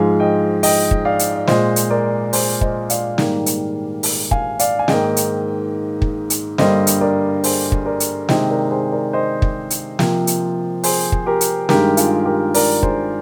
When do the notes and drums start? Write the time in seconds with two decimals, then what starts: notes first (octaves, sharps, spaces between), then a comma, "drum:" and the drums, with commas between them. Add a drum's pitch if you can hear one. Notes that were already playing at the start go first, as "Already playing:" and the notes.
Already playing: G#2 F3 G#3 F5 G#5
0.20 D#5 G5
0.63 D#5 G5, drum: open hi-hat
0.91 drum: kick
1.05 D5 F5
1.19 drum: hi-hat
1.36 D5
1.47 A#2 G#3 C5 D#5, drum: snare
1.76 drum: hi-hat
1.90 A#4 D5
2.33 G#4 C5, drum: open hi-hat
2.61 C5 D#5, drum: kick
2.90 D5 F5, drum: hi-hat
3.18 G#2 D#3 G3 A#3, drum: snare
3.46 drum: hi-hat
4.03 drum: open hi-hat
4.31 F5 G#5, drum: kick
4.59 D5 F5, drum: hi-hat
4.79 G#5
4.88 G#2 D#3 A#3 D#5 G5, drum: snare
5.17 drum: hi-hat
6.02 drum: kick
6.30 drum: hi-hat
6.58 G2 D3 G3 A#3 C5 D#5, drum: snare
6.87 drum: hi-hat
7.01 A#4 D5
7.44 G#4 C5, drum: open hi-hat
7.72 drum: kick
7.86 A#4 D5
8.00 drum: hi-hat
8.29 C3 D#3 G#3 C5 D#5, drum: snare
8.50 A#4 D5
8.71 G#4 C5
8.92 A#4 D5
9.13 C5 D#5
9.42 drum: kick
9.70 drum: hi-hat
9.99 C3 F3 A#3, drum: snare
10.27 drum: hi-hat
10.84 G#4 C5, drum: open hi-hat
11.12 drum: kick
11.26 G4 A#4
11.41 drum: hi-hat
11.69 G2 D#3 G#3 G4 A#4, drum: snare
11.97 F4 G#4, drum: hi-hat
12.25 G4 A#4
12.54 A#4 D5, drum: open hi-hat
12.83 G#4 C5, drum: kick